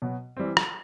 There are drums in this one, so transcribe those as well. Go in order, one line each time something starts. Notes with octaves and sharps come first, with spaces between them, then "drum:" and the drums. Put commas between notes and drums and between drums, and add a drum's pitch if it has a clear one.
B2 F#3 B3
E3 G3 C4
drum: rim click